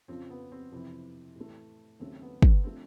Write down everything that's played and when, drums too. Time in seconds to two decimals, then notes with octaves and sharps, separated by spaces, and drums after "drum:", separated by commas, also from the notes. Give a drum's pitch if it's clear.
0.08 F2 C#3 F3 C4
0.30 B3
0.52 C4
0.72 F2 C3 E3
1.36 A2 E3 A3
2.00 D#2 C#3 F#3 A3 C4
2.22 B3
2.42 B3, drum: kick
2.64 D3 F3 A3 C4